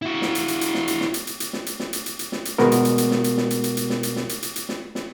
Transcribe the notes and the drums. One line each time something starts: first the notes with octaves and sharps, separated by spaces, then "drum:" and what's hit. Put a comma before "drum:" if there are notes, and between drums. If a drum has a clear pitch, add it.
E4 F#4
drum: snare
drum: hi-hat
drum: hi-hat
drum: hi-hat
drum: snare
drum: hi-hat
drum: snare
drum: hi-hat
drum: hi-hat
drum: hi-hat
drum: snare
drum: hi-hat
drum: snare
drum: hi-hat
drum: hi-hat
drum: hi-hat
drum: snare
drum: hi-hat
B2 G#3 B3 F#4 A#4, drum: snare
drum: hi-hat
drum: hi-hat
drum: hi-hat
drum: snare
drum: hi-hat
drum: snare
drum: hi-hat
drum: hi-hat
drum: hi-hat
drum: snare
drum: hi-hat
drum: snare
drum: hi-hat
drum: hi-hat
drum: hi-hat
drum: snare
drum: snare